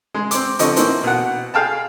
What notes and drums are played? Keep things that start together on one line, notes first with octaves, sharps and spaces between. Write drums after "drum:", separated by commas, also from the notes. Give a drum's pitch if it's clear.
G#3
C4 D6, drum: hi-hat
D3 F3 C4 D#5 C#6, drum: hi-hat
E3 A#3 C4, drum: hi-hat
B2 F#5
G#4 F5 G5 A5